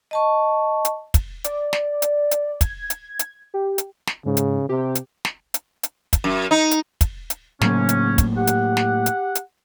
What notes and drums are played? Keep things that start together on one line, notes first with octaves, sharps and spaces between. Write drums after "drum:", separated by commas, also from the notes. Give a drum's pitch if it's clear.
D#5 A5 C#6
drum: hi-hat
drum: kick, hi-hat
D5, drum: hi-hat
drum: snare
drum: hi-hat
drum: hi-hat
G#6, drum: kick, hi-hat
drum: hi-hat
drum: hi-hat
G4
drum: hi-hat
drum: snare
G#2 C#3
drum: hi-hat
C3 G4
drum: hi-hat
drum: snare
drum: hi-hat
drum: hi-hat
drum: kick, hi-hat
F#2
D#4
drum: hi-hat
drum: kick, hi-hat
drum: hi-hat
A2 C#3 F#3 A#3 C#4, drum: snare
drum: hi-hat
drum: kick, hi-hat
G4 F#5
drum: hi-hat
drum: snare
drum: hi-hat
drum: hi-hat